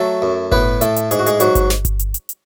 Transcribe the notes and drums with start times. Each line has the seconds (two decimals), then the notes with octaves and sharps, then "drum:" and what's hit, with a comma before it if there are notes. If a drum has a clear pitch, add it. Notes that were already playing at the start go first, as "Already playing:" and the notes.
Already playing: F#3 A3 A4
0.22 F#2
0.52 A2 B3 B4, drum: kick G1
0.81 A2 A3 A4, drum: hi-hat
0.96 drum: hi-hat
1.11 G#2 G#4, drum: hi-hat
1.19 F#4
1.26 G#3 G#4, drum: hi-hat
1.40 G#2 F#3 F#4, drum: hi-hat
1.55 drum: kick G1, hi-hat
1.70 drum: snare
1.85 drum: kick G1, hi-hat
1.99 drum: hi-hat
2.14 drum: hi-hat
2.29 drum: hi-hat